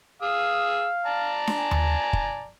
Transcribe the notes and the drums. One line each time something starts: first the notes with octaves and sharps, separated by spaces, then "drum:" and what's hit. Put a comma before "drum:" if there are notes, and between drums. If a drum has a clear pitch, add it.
G#4 F5 D#6 E6
D5 A5 A#5
drum: snare D4
G#5
drum: tom D#2
drum: kick